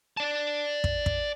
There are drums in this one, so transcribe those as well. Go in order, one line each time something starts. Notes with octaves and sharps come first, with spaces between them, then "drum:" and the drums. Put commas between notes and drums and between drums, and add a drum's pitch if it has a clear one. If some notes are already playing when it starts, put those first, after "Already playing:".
D5 A5
drum: kick
drum: kick